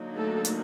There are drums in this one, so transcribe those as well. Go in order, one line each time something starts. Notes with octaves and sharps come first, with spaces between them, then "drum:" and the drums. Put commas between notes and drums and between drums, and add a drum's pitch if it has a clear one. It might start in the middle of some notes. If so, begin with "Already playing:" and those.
Already playing: D3 F#3 A#3 D#4
A3 A4
drum: hi-hat